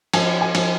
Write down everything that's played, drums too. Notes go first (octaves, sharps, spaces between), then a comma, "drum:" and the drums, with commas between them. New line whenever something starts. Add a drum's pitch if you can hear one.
F3 G#5, drum: cymbal
G#5
F3, drum: cymbal